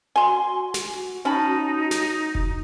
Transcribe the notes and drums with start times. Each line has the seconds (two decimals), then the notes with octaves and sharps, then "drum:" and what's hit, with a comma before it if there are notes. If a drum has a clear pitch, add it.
0.16 F#4 G#5 C6
0.74 drum: snare
1.25 C#4 D#4 A5 B5
1.91 drum: snare
2.35 drum: kick F1